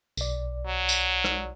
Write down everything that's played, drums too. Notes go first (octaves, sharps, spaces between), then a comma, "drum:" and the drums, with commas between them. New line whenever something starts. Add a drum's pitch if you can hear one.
B1 D5, drum: tambourine
F#3
drum: tambourine
drum: rim click